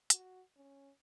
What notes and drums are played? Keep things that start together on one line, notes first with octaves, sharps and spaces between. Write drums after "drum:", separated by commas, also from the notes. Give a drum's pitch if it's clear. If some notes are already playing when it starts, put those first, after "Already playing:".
F#4, drum: hi-hat
C#4